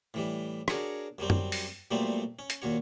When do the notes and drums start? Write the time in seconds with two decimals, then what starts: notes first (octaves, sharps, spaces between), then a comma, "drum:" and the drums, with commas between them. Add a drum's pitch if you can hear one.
0.14 A2 E3 G3
0.68 D4 F#4 G#4 A#4 C#5, drum: rim click
1.18 F#2 F#3 G3 C4
1.30 drum: tom F#2
1.52 drum: open hi-hat
1.91 A#2 F#3 G3 A3 B3 C4
2.39 C#4
2.50 drum: hi-hat
2.62 D#2 A#2 F#4 C#5